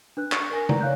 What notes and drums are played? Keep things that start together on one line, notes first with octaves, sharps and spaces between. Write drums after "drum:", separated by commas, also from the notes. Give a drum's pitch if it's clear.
D4 B4 F#6
C#6, drum: clap
A#4 G#5 A#6
B4 D5 A#5, drum: tom C#3
C#5 F5 F#6 G6